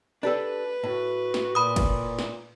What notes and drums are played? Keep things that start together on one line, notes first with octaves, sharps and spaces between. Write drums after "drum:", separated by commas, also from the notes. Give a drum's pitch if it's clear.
D4 G4 A4 B4
A2 F#4
drum: snare
A#2 B5 D#6
drum: kick, cymbal
drum: snare